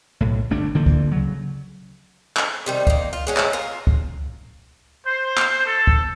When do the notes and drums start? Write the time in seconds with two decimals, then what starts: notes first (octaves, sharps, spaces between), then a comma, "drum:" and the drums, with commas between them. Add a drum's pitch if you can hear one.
0.21 B1 A2
0.50 G1 G2 A3 D4
0.75 D3 E3 F3 A#3
0.86 drum: kick C#2
1.12 C#3 F#3
2.37 drum: clap
2.66 C3 D#3 G3
2.87 D#3 A#3, drum: kick C#2
3.13 F4
3.27 G#3 C#4 F#4
3.37 drum: clap
3.53 F4 A#4
3.87 drum: kick C#2
5.07 C5
5.37 drum: clap
5.67 A4
5.87 drum: kick C#2